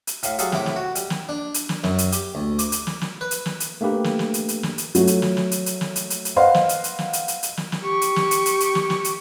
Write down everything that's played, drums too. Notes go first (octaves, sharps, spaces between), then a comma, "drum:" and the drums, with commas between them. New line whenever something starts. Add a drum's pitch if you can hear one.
drum: hi-hat
A2 F5, drum: hi-hat
F#3 G3 G#4 A4 F5, drum: hi-hat
C2 A2 A3 D6, drum: snare
drum: snare
F#4
G3, drum: hi-hat
drum: snare
D4
drum: hi-hat
drum: snare
F#2, drum: snare
drum: hi-hat
G4, drum: hi-hat
D2
D6, drum: hi-hat
drum: hi-hat
drum: snare
drum: snare
B4
drum: hi-hat
drum: snare
drum: hi-hat
A3 A#3 D4 G4 B4
drum: snare
drum: snare
drum: hi-hat
drum: hi-hat
drum: snare
drum: hi-hat
F#3 A3, drum: hi-hat
drum: hi-hat
drum: snare
drum: snare
drum: hi-hat
drum: hi-hat
drum: snare
drum: hi-hat
drum: hi-hat
drum: hi-hat
B4 C5 D#5 F5 F#5 C6
drum: snare
drum: hi-hat
drum: hi-hat
drum: snare
drum: hi-hat
drum: hi-hat
drum: hi-hat
drum: snare
drum: snare
G4 C#6
drum: hi-hat
drum: snare
drum: hi-hat
drum: hi-hat
drum: hi-hat
drum: snare
drum: snare
drum: hi-hat